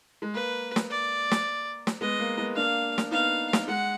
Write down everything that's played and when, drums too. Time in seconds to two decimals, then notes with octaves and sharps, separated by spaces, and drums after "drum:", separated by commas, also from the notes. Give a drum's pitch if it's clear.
0.22 G#3
0.34 A#3 B4
0.76 drum: snare
0.89 D5
1.31 drum: snare
1.87 drum: snare
2.01 G#3 B3 D#5
2.19 A#3
2.38 G#3 B3
2.56 A#3 D4 F5
2.98 drum: snare
3.11 B3 D#4 F5
3.53 drum: snare
3.67 G#3 F#5